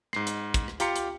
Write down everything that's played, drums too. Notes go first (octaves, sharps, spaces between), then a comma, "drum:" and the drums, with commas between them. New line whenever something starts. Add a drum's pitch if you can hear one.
G#2 C7, drum: rim click
drum: hi-hat
drum: kick, hi-hat
drum: rim click
F4 G4 A#5 C6 C#7, drum: hi-hat
drum: hi-hat